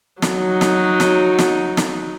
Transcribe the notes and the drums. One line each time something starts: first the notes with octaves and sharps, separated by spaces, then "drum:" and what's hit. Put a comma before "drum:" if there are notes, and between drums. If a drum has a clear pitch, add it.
F#3 D#4, drum: snare
drum: snare
drum: snare
drum: snare
drum: snare